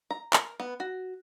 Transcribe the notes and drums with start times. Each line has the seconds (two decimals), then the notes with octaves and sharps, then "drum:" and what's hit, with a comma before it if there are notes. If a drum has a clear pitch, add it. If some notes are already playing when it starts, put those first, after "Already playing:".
0.11 A#5
0.33 A#4, drum: clap
0.60 B3
0.80 F#4